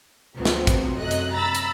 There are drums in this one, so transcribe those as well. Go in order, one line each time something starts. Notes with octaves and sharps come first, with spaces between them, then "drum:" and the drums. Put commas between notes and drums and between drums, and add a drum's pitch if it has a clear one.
D2 C3 F3 F#3 B3 C4
drum: snare
drum: kick, hi-hat
F#2 C3 F#3 A3 D#5 F#6
drum: hi-hat
A#5 B5 E6 A6
drum: hi-hat